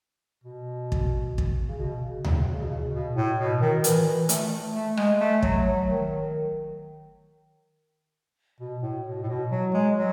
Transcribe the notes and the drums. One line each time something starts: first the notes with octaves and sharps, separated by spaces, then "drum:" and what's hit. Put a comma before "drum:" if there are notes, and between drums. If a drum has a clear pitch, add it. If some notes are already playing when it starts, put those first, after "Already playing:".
B2
drum: kick
drum: kick
C#3
B2
C#3
A2, drum: tom D2
B2
C#3
B2
C#3
B2
A2
B2
D#3
E3, drum: hi-hat
E3
A3, drum: hi-hat
A3
G#3, drum: rim click
A3
F#3, drum: kick
F#3
D#3
B2
A2
B2
A2
B2
F#3
G#3
F#3